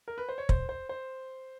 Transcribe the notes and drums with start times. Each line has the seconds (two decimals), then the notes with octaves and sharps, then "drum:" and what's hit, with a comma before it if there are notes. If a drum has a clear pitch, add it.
0.08 A#4
0.18 B4
0.29 C5
0.38 C#5
0.49 C5, drum: kick
0.69 C5
0.89 C5